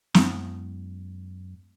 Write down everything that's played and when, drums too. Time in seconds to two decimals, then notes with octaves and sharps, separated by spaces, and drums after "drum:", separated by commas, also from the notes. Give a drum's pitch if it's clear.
0.14 F#2 G#3 B3 E4, drum: snare